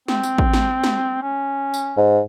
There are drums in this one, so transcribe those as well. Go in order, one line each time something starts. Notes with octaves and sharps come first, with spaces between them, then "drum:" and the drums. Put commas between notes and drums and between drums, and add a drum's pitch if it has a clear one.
C4, drum: snare
drum: tambourine
drum: kick
drum: snare
drum: snare
C#4
drum: tambourine
G#2